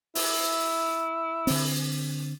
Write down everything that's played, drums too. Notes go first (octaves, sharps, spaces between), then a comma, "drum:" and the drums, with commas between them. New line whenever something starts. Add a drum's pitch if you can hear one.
E4, drum: open hi-hat
D3 C4, drum: open hi-hat